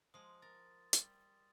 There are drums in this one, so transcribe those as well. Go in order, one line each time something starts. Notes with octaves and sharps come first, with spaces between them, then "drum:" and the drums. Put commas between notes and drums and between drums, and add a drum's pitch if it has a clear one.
F3 G#3 C6 D#6
A#4 A6
G3, drum: hi-hat